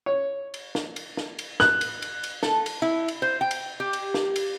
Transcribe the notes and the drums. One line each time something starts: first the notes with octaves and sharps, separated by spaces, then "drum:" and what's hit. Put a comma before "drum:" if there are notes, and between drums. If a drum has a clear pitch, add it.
C#5
drum: cymbal
drum: snare
drum: cymbal
drum: snare
drum: cymbal
F#6, drum: snare
drum: cymbal
drum: cymbal
drum: cymbal
A4, drum: snare
drum: cymbal
E4
drum: cymbal
C5
G5
drum: cymbal
G4
drum: cymbal
drum: snare
drum: cymbal